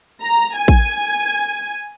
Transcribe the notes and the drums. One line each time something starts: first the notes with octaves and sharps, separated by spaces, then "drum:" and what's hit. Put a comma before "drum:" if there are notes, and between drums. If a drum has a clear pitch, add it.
A#5
G#5
drum: kick